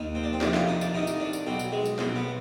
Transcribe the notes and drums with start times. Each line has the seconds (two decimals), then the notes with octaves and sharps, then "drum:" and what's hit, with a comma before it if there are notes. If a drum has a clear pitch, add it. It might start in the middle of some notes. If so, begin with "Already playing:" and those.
Already playing: D#2 D#3
0.15 C4
0.24 D4
0.33 C4
0.41 F2 C3 D#3 D4, drum: snare
0.54 F4, drum: snare
0.68 D#4
0.81 D4, drum: tambourine
0.94 C2 C3 D#3 D#4
1.07 drum: tambourine
1.20 D4
1.33 drum: tambourine
1.47 B1 B2 C4
1.59 drum: tambourine
1.72 G#3
1.85 drum: tambourine
1.99 B1 B2 C4, drum: snare
2.15 B3